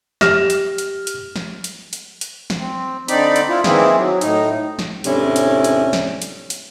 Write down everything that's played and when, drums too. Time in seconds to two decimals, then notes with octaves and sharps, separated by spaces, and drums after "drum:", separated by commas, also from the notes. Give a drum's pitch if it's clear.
0.21 G4 F6 A#6 E7, drum: snare
0.50 drum: hi-hat
0.78 drum: hi-hat
1.07 drum: hi-hat
1.36 drum: snare
1.64 drum: hi-hat
1.93 drum: hi-hat
2.21 drum: hi-hat
2.50 drum: snare
2.59 C4
3.08 D3 C4 D#4 D5 B5, drum: hi-hat
3.36 drum: hi-hat
3.49 E4 F4
3.64 D#3 E3 A#3 C4 E4 G#4, drum: snare
3.97 F#3
4.21 A2 D#4, drum: hi-hat
4.79 drum: snare
5.04 E2 A2 C3 C#4 D4 E4, drum: hi-hat
5.36 drum: hi-hat
5.64 drum: hi-hat
5.93 drum: snare
6.22 drum: hi-hat
6.50 drum: hi-hat